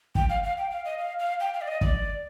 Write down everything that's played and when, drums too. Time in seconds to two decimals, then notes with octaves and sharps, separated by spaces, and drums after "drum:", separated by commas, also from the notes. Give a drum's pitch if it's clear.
0.15 G5, drum: kick
0.29 F5
0.43 F5
0.57 G5
0.71 F5
0.85 D#5
0.98 F5
1.19 F5
1.40 G5
1.54 F5
1.61 D5
1.68 D#5
1.81 D5, drum: kick